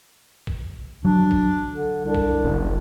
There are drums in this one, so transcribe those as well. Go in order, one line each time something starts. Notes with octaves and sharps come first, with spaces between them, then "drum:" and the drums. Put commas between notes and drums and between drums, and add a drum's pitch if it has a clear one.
drum: kick
F#3 D4
drum: kick
D3
C2 D4
drum: kick
F#1